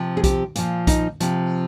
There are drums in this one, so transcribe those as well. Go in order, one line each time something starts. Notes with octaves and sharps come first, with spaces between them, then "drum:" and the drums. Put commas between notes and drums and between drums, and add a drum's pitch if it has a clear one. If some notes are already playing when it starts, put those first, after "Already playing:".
Already playing: C3 F3
G#4
G4, drum: kick B1, hi-hat
A#2 F3, drum: hi-hat
D#4, drum: kick B1, hi-hat
C3 F3, drum: hi-hat